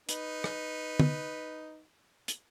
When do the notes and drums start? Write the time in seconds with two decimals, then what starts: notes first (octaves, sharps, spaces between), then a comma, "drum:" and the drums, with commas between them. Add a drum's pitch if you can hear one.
0.09 D#4 B4, drum: hi-hat
0.44 drum: rim click
1.00 drum: tom
2.28 drum: hi-hat